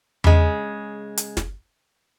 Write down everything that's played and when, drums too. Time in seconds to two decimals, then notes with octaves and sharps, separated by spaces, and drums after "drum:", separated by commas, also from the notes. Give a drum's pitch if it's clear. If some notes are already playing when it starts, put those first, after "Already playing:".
0.24 C#3 G#3, drum: tom E2
1.17 drum: hi-hat
1.37 drum: snare